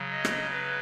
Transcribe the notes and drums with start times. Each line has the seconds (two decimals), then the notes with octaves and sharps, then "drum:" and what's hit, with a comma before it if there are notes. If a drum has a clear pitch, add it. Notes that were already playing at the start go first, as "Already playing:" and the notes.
Already playing: C#3 F#3
0.11 D#5
0.25 drum: rim click
0.51 B4